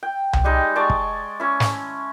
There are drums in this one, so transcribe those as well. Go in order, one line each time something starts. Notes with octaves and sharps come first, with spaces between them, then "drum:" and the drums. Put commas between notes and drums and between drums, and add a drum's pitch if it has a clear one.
G5
drum: tom C2
G3 G#3 D#4
G#3 D5 A5 C#6
drum: kick
C#4 E4
drum: snare